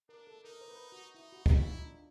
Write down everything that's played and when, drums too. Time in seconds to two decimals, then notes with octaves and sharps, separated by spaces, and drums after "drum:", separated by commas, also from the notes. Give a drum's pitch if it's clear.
0.09 D4 A#4
0.27 A4
0.44 D#4 A#4
0.61 C5
0.68 B4
0.92 F#4
1.15 D#4 E4
1.32 F#4
1.46 F#4, drum: kick
1.50 E4 F4
1.68 D#4
1.86 D4